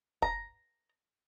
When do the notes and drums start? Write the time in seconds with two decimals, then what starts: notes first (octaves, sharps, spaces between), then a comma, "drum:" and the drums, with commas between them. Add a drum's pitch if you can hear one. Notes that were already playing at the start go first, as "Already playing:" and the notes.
0.22 A#5, drum: kick